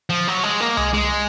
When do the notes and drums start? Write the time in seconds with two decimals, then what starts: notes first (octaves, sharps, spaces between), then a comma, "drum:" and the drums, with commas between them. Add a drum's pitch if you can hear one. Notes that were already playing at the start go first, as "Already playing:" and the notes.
0.10 F3
0.27 F#3
0.43 G#3
0.60 A#3
0.77 G#3, drum: tom C2
0.94 G#3